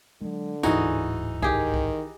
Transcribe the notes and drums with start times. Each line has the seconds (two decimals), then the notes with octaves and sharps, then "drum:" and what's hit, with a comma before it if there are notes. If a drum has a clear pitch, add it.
0.22 D3 F#3 G#3
0.63 D1 G#2 E3 D#4 F#4 G#4, drum: tambourine
1.42 D#3 G4 G#4, drum: kick B1
1.74 drum: kick B1